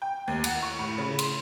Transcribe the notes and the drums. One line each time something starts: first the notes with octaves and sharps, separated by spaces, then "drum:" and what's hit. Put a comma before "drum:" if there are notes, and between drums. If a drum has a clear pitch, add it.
G5
D#2
F#5, drum: cymbal
C#6
A2
C#3
C6, drum: cymbal